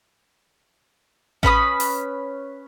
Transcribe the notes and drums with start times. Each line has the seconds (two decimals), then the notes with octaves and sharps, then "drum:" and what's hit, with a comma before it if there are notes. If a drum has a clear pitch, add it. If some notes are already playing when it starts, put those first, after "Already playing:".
1.43 C#4 B4 B5 D#6, drum: kick A1
1.80 drum: open hi-hat